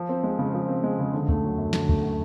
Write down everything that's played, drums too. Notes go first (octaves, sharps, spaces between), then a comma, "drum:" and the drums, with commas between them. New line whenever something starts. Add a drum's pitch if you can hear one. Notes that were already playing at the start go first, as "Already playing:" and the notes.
Already playing: F3
C4
G#3
C#3
F3
C4
G#3
C#3
D3
A3, drum: kick
F#3
F#2
D3, drum: snare
A3, drum: kick
F#3